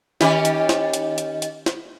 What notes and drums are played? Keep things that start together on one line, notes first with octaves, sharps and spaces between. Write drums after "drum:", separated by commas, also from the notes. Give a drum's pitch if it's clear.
D#3 C#4 G4, drum: snare
drum: hi-hat
drum: snare
drum: hi-hat
drum: hi-hat
drum: hi-hat
drum: snare